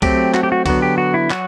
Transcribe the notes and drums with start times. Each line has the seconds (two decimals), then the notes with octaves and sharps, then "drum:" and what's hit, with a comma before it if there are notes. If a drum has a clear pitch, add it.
0.02 F#3 A3 C4 G4, drum: kick C2, cymbal
0.34 F#4, drum: clap
0.43 G4
0.52 F#4
0.66 D3 F#3 B3 F#4, drum: kick C2, cymbal
0.82 G4
0.98 F#4
1.14 E4
1.30 F#3 F#4, drum: clap